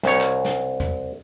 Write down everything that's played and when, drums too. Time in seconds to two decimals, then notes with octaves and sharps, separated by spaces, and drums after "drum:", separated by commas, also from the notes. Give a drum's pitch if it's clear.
0.03 C2 C#5, drum: snare
0.21 drum: clap
0.45 drum: snare
0.80 drum: tom